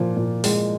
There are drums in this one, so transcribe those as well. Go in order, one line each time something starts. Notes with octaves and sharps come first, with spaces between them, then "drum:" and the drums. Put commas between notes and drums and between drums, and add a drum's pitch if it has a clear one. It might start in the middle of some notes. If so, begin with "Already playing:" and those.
Already playing: A#2 F3
A#2
G#3, drum: open hi-hat